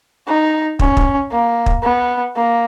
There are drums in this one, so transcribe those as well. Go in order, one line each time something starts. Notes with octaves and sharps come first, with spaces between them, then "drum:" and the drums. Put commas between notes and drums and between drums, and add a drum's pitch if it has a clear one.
D#4
C#4, drum: kick
drum: kick
A#3
drum: kick
B3
A#3